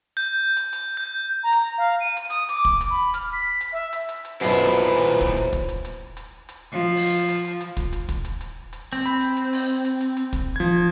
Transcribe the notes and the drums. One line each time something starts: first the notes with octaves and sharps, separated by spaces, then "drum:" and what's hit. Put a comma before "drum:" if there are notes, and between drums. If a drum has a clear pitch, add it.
G6
drum: hi-hat
drum: hi-hat
G6
A#5
drum: hi-hat
F5
D#7
drum: hi-hat
D#6, drum: hi-hat
D6, drum: hi-hat
drum: kick
drum: hi-hat
B5
F6, drum: hi-hat
B6
drum: hi-hat
E5
drum: hi-hat
drum: hi-hat
drum: hi-hat
B1 F#2 A#2 F#3 E4 B4 C5, drum: open hi-hat
drum: hi-hat
drum: hi-hat
drum: kick, hi-hat
drum: hi-hat
drum: kick, hi-hat
drum: hi-hat
drum: hi-hat
drum: hi-hat
drum: hi-hat
F3
drum: open hi-hat
drum: hi-hat
drum: hi-hat
drum: hi-hat
drum: kick, hi-hat
drum: hi-hat
drum: kick, hi-hat
drum: hi-hat
drum: hi-hat
drum: hi-hat
C4
B5, drum: hi-hat
drum: hi-hat
drum: hi-hat
drum: open hi-hat
drum: hi-hat
drum: hi-hat
drum: hi-hat
drum: kick, hi-hat
F3 G#6